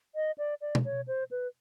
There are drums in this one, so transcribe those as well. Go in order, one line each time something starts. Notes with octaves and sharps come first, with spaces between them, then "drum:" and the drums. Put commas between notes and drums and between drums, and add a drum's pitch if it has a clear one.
D#5
D5
D5
drum: tom B2
C#5
C5
B4